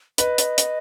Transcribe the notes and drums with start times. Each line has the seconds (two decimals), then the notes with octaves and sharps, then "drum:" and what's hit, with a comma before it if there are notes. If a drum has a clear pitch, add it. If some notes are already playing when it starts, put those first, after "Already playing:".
0.18 B4 D#5, drum: hi-hat
0.38 drum: hi-hat
0.58 drum: hi-hat